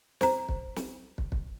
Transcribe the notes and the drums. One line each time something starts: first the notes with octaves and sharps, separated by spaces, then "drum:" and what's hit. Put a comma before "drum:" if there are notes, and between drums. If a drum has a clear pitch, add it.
C5 A#5, drum: snare
drum: kick
drum: snare
drum: kick
drum: kick